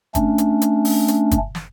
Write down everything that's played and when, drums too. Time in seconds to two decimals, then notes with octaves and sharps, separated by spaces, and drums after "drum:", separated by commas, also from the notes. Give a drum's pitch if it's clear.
0.15 A3 C#4 D4, drum: kick, hi-hat
0.38 drum: hi-hat
0.61 drum: hi-hat
0.85 drum: open hi-hat
1.08 drum: hi-hat
1.31 drum: kick, hi-hat
1.55 drum: snare